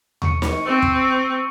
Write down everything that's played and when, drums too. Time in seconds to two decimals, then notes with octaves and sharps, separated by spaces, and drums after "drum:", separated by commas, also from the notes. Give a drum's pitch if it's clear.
0.22 C#6 C#7, drum: tom D#2
0.42 drum: snare
0.66 C4 C#6 E6
0.82 drum: kick